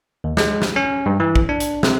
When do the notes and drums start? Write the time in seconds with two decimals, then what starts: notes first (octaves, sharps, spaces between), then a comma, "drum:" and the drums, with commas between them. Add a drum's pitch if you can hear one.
0.24 D#2
0.37 G#3, drum: snare
0.62 drum: snare
0.76 C#4
1.06 G2
1.20 E3
1.35 drum: kick
1.49 D4
1.60 drum: hi-hat
1.83 C3, drum: snare